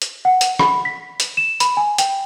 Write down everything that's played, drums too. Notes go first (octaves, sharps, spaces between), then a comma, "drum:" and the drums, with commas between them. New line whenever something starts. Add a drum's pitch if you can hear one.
drum: hi-hat
F#5
drum: hi-hat
B5, drum: rim click
B6
drum: hi-hat
E7
B5, drum: hi-hat
G#5
G5, drum: hi-hat